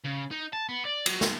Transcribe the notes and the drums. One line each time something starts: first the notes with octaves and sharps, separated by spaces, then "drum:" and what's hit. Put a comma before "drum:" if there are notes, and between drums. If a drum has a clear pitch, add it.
C#3
D#4
A5
B3
D5
F#3, drum: cymbal
drum: snare